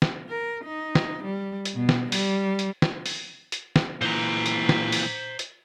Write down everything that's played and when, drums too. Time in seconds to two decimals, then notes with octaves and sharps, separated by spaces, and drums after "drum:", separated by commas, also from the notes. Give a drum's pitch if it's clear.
0.02 drum: snare
0.29 A#4
0.65 D#4
0.95 drum: snare
1.23 G3
1.65 drum: hi-hat
1.75 B2
1.89 drum: snare
2.12 G3, drum: open hi-hat
2.59 drum: hi-hat
2.82 drum: snare
3.06 drum: open hi-hat
3.52 drum: hi-hat
3.76 drum: snare
4.01 A#2 E3 C5 A#5
4.46 drum: hi-hat
4.69 drum: snare
4.92 drum: open hi-hat
5.39 drum: hi-hat